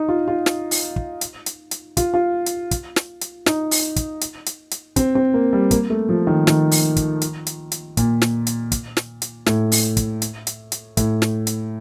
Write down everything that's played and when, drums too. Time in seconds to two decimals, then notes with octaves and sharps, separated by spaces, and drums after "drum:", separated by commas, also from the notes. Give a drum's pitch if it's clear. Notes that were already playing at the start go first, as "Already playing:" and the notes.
Already playing: D#4
0.09 F4
0.28 F4
0.46 drum: snare
0.71 drum: open hi-hat
0.96 drum: kick
1.21 drum: hi-hat
1.46 drum: hi-hat
1.71 drum: hi-hat
1.97 F4, drum: kick, hi-hat
2.14 F4
2.46 drum: hi-hat
2.71 drum: kick, hi-hat
2.96 drum: snare
3.21 drum: hi-hat
3.46 D#4, drum: snare
3.71 drum: open hi-hat
3.96 drum: kick, hi-hat
4.21 drum: hi-hat
4.46 drum: hi-hat
4.71 drum: hi-hat
4.96 C4, drum: kick, hi-hat
5.15 C4
5.34 A#3
5.53 G3
5.71 A#3, drum: kick, hi-hat
5.90 A3
6.09 F3
6.27 D#3
6.47 D#3, drum: snare
6.71 drum: open hi-hat
6.96 drum: kick, hi-hat
7.21 drum: hi-hat
7.47 drum: hi-hat
7.72 drum: hi-hat
7.97 A#2, drum: kick, hi-hat
8.22 drum: snare
8.47 drum: hi-hat
8.72 drum: kick, hi-hat
8.97 drum: snare
9.22 drum: hi-hat
9.46 A2, drum: snare
9.72 drum: open hi-hat
9.97 drum: kick, hi-hat
10.22 drum: hi-hat
10.47 drum: hi-hat
10.72 drum: hi-hat
10.97 A2, drum: kick, hi-hat
11.22 drum: snare
11.47 drum: hi-hat